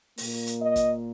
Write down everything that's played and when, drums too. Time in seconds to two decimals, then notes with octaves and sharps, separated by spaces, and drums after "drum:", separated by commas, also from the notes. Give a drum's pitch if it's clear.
0.18 A#2 A#3, drum: open hi-hat
0.47 drum: hi-hat
0.62 D#5
0.76 drum: kick, hi-hat